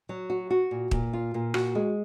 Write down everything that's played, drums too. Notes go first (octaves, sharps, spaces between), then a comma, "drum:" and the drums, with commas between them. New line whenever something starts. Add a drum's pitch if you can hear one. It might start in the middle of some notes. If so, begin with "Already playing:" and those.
F#3
F#4
F#4
A#2
A#2, drum: kick
F4
A#2
F#4, drum: rim click
G#3